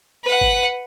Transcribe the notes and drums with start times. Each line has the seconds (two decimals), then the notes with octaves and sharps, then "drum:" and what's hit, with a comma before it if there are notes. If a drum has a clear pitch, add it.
0.24 B4 F#5
0.41 drum: kick G#1